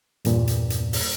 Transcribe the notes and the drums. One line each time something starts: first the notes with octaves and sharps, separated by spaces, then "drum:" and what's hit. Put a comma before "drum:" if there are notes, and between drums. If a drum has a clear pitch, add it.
E2 G2 A#2, drum: hi-hat
drum: hi-hat
drum: hi-hat
drum: open hi-hat